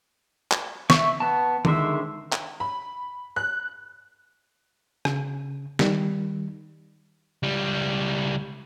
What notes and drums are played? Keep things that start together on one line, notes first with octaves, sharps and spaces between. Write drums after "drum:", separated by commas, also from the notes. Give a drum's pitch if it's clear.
drum: clap
E5 C#6, drum: snare
B3 A5
D3 D#3 G#3 C5 E5, drum: tom D#3
drum: clap
B5
F#6
C#3, drum: rim click
D#3 G3, drum: snare
C#2 G3